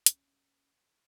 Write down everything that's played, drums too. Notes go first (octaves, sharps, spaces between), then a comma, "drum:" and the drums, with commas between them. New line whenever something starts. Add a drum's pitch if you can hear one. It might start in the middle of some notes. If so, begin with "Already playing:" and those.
C#4, drum: hi-hat